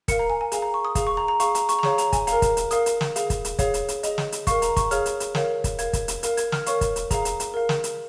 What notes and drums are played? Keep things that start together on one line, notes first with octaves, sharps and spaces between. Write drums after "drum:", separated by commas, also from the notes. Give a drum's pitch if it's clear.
A#4 F5 C#7, drum: kick, hi-hat
A#5
G#5
G#5
G#4 F5 G#5, drum: hi-hat
A#5
C#6
D#6
G#4 F5 D#6, drum: kick, hi-hat
C#6
A#5
A#5
G#4 F5 C#6, drum: hi-hat
A#5, drum: hi-hat
C#6, drum: hi-hat
A#5
G#4 C#5 F5 C#6, drum: snare
A#5, drum: hi-hat
G#5, drum: kick, hi-hat
A#4 F5 A#5, drum: hi-hat
drum: kick, hi-hat
drum: hi-hat
A#4 F5 D#6, drum: hi-hat
drum: hi-hat
drum: snare
G#4 F5, drum: hi-hat
drum: kick, hi-hat
drum: hi-hat
G#4 C#5 F5, drum: kick, hi-hat
drum: hi-hat
drum: hi-hat
G#4 D#5, drum: hi-hat
drum: snare
drum: hi-hat
A#4 F5 C#6, drum: kick, hi-hat
A#5, drum: hi-hat
C#6, drum: kick, hi-hat
G#4 C#5 F5 F6, drum: hi-hat
drum: hi-hat
drum: hi-hat
A#4 C#5 F5, drum: snare
drum: kick, hi-hat
A#4 F5 G#6, drum: hi-hat
drum: kick, hi-hat
drum: hi-hat
A#4 F5, drum: hi-hat
G#6, drum: hi-hat
F6, drum: snare
A#4 C#5 F5 C#6, drum: hi-hat
drum: kick, hi-hat
drum: hi-hat
G#4 F5 A#5, drum: kick, hi-hat
drum: hi-hat
drum: hi-hat
A#4 F5
drum: snare
drum: hi-hat